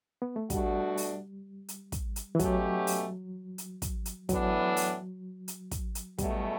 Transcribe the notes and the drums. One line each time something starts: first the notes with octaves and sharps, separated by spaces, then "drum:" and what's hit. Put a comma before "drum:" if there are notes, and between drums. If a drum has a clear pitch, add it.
B3
A3
B2 G3 A3 D4 F#4, drum: kick, hi-hat
drum: open hi-hat
drum: hi-hat
drum: kick, hi-hat
drum: hi-hat
E3
B2 F#3 A3 C#4 G4, drum: kick, hi-hat
drum: open hi-hat
drum: hi-hat
drum: kick, hi-hat
drum: hi-hat
A2 E3 F#3 B3 D4, drum: kick, hi-hat
drum: open hi-hat
drum: hi-hat
drum: kick, hi-hat
drum: hi-hat
E2 B2 G3 A3, drum: kick, hi-hat